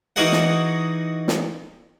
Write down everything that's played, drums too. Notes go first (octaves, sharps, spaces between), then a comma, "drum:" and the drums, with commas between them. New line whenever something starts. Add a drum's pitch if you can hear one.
E3 D#4 F#4 G#4 A#4 F#5
drum: snare
drum: snare